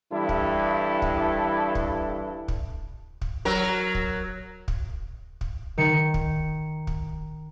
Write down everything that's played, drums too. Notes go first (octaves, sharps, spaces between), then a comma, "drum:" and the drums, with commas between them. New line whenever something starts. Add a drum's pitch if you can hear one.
G2 E3 E4 A4
drum: kick
drum: kick
drum: kick
drum: kick
drum: kick
F#3 A#4
drum: kick
drum: kick
drum: kick
D#3 C#7
drum: kick
drum: kick